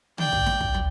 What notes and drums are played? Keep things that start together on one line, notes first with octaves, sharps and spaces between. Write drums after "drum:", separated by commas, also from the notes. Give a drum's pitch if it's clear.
D5 G5, drum: tom
drum: kick
drum: snare
drum: kick
drum: tom